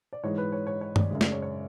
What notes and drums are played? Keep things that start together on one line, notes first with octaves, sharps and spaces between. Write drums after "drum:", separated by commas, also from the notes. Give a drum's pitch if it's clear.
D5
G#2 E3 G#3 C#5
B4
C#5
C#5
C#5
D5, drum: tom G2
F#2 C#3 G#3
D5, drum: snare
C#5
C#5